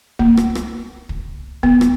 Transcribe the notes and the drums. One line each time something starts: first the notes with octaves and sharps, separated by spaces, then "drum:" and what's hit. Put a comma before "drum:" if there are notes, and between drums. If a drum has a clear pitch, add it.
A#3, drum: kick
drum: rim click
drum: rim click
drum: kick
B3, drum: kick
drum: rim click